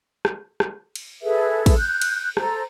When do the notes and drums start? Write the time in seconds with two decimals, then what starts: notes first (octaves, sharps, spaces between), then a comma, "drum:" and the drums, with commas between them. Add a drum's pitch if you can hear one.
0.25 drum: rim click
0.60 drum: rim click
0.96 drum: cymbal
1.23 G#4 A4 B4 E5
1.66 drum: kick, cymbal
1.77 F#6 G6
2.02 drum: cymbal
2.37 A4 C5 A#5, drum: rim click